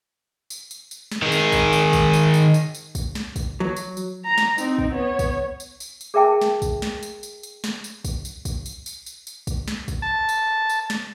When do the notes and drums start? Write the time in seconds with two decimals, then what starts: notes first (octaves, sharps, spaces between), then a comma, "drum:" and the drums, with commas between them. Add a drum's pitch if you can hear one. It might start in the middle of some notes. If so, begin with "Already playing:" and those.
0.50 drum: tambourine
0.71 drum: tambourine
0.91 drum: tambourine
1.12 drum: snare
1.22 D#3 G#4
1.32 drum: tambourine
1.52 drum: kick, tambourine
1.73 drum: tambourine
1.93 drum: kick, tambourine
2.13 drum: tambourine
2.34 drum: tambourine
2.54 drum: tambourine
2.75 drum: tambourine
2.95 drum: kick, tambourine
3.15 drum: snare
3.36 drum: kick, tambourine
3.60 F#3
3.76 drum: tambourine
3.97 drum: tambourine
4.25 A#5
4.38 drum: snare
4.58 C4 D#4, drum: tambourine
4.78 drum: kick
4.93 B3 C#5
5.19 drum: kick, tambourine
5.60 drum: tambourine
5.80 drum: tambourine
6.01 drum: tambourine
6.14 G#4 A#4 E5 G5 A5
6.41 drum: snare
6.62 drum: kick, tambourine
6.82 drum: snare
7.03 drum: tambourine
7.23 drum: tambourine
7.43 drum: tambourine
7.64 drum: snare
7.84 drum: tambourine
8.05 drum: kick, tambourine
8.25 drum: tambourine
8.45 drum: kick, tambourine
8.66 drum: tambourine
8.86 drum: tambourine
9.06 drum: tambourine
9.27 drum: tambourine
9.47 drum: kick, tambourine
9.68 drum: snare
9.88 drum: kick, tambourine
10.02 A5
10.29 drum: tambourine
10.69 drum: tambourine
10.90 drum: snare